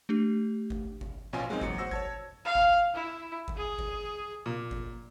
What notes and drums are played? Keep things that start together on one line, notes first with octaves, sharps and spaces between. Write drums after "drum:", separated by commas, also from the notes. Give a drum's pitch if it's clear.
A3 D4 G4
drum: kick G1
drum: kick G1
A#1 B2 C#4 F4 G#5
F#3 G#3 A#3 C4 D#4
A1 F#3 C#7, drum: kick G1
F#4 C5 E6 A#6
C#5 A5 G#6, drum: kick G1
F5
drum: kick G1
E4
drum: kick G1
G#4
drum: kick G1
A#2
drum: kick G1